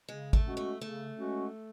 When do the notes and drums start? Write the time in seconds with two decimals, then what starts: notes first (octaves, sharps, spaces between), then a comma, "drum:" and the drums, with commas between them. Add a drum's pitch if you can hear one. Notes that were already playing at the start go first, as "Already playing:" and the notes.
0.09 C#3 G#3
0.33 A3, drum: kick
0.44 G#3 C#4 F#4
0.57 A3
0.81 C#3 A3
1.18 G#3 C#4 F#4